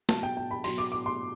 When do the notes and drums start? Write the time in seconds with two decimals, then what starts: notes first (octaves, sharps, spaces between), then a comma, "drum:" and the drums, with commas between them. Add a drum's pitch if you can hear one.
0.09 B2 F#3 A5, drum: snare
0.23 G5
0.37 G5
0.51 B5
0.64 B2 F#3 C6, drum: open hi-hat
0.78 D6
0.92 D6
1.06 C6